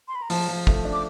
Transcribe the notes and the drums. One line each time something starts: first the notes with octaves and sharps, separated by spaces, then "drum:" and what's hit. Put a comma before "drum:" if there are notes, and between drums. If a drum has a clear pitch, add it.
C6
B5
A#5
F3 A5, drum: open hi-hat
F3
A3, drum: kick
D4
D6